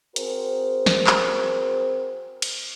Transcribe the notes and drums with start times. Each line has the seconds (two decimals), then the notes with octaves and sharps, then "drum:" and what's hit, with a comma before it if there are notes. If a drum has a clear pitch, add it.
0.16 C4 F#4 G#4 A#4 C5, drum: hi-hat
0.86 drum: snare
1.07 drum: clap
2.42 drum: cymbal